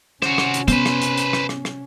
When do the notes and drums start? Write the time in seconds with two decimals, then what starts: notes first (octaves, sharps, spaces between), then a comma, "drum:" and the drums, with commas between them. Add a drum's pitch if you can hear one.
0.22 C3 C#4 F#4 C5, drum: rim click
0.38 drum: rim click
0.54 drum: hi-hat
0.68 B3 B4 C5, drum: hi-hat
0.86 drum: rim click
1.02 drum: hi-hat
1.17 drum: hi-hat
1.33 drum: rim click
1.49 drum: rim click
1.65 drum: rim click